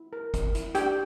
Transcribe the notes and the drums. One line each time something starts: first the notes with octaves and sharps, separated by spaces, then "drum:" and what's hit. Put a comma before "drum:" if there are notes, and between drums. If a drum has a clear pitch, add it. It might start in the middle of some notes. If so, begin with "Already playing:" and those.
Already playing: E4
A#4
A#4, drum: kick, hi-hat
E4, drum: hi-hat
D4 G4 G5, drum: hi-hat